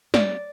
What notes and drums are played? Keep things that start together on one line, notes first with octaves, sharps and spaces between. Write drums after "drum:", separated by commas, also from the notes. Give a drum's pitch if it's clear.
D5, drum: snare